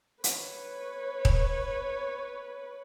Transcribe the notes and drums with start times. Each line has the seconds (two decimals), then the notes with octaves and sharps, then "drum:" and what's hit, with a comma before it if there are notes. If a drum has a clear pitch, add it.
0.24 B4 C#5, drum: hi-hat
1.25 drum: kick D#1